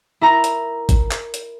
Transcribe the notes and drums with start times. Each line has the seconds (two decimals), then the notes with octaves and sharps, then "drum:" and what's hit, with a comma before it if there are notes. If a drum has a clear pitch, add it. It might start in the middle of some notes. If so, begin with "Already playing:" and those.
0.21 E4 A#4 A#5
0.44 drum: hi-hat
0.89 drum: kick, hi-hat
1.11 drum: clap
1.34 drum: hi-hat